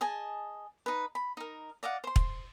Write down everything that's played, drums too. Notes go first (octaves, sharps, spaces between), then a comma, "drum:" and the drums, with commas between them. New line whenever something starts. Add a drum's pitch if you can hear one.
G#4 D#5 G#5 A5
D#4 B4
B5
D#4 A#4
D5 D#5 F5 F#5
C5 C6
drum: kick